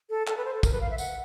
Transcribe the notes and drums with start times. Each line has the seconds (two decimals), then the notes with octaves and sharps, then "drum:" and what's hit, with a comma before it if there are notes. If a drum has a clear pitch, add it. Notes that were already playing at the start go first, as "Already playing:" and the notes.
0.10 A4
0.27 A4, drum: clap
0.37 B4
0.45 C5
0.54 A4
0.63 A#4, drum: kick, tambourine
0.72 B4
0.81 F5
0.90 E5
0.98 F#5, drum: tambourine